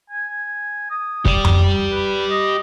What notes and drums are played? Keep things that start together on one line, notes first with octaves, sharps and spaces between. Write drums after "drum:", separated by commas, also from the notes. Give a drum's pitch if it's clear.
G#5
D#6
G4 D5, drum: kick
drum: tom F2
B4
D#5